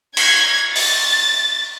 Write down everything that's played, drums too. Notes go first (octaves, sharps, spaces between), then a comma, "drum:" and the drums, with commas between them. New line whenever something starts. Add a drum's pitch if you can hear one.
G#6, drum: cymbal
A6, drum: open hi-hat